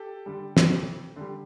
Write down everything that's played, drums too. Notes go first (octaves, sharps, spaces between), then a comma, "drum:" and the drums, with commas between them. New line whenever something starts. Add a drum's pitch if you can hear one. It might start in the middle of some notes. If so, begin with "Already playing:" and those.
Already playing: G4 A4
D3 G3
drum: snare
F2
D3 G3